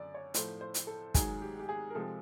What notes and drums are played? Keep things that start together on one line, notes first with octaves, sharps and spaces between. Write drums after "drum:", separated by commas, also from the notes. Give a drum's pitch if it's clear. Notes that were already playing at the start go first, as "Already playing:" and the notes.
Already playing: F#2 D3 D5
C#5
A2 F3 A3 C5, drum: hi-hat
C5
drum: hi-hat
A4
G#2 D#3 F#3 G#4, drum: kick, hi-hat
G4
G4
G#4
A#4
C3 F3 G#3 A4